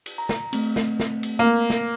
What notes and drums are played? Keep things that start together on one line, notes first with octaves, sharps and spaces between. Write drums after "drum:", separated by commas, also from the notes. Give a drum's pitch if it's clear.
drum: cymbal
A#5
drum: snare
A3 C4, drum: cymbal
drum: snare
drum: snare
drum: cymbal
A#3
drum: snare